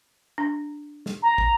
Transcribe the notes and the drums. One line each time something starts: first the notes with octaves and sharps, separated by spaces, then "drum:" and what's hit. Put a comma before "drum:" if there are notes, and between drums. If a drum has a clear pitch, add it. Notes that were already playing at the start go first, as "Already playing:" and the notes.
D4
drum: snare
A#5
drum: kick